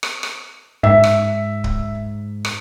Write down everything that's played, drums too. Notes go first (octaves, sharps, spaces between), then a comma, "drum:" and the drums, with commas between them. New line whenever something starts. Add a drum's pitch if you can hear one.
drum: rim click
drum: rim click
G#2 E5
drum: rim click
drum: kick
drum: rim click